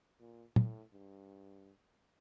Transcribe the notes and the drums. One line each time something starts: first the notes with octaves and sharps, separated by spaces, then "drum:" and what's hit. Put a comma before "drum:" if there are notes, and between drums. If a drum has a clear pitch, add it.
A#2
A2, drum: tom
G2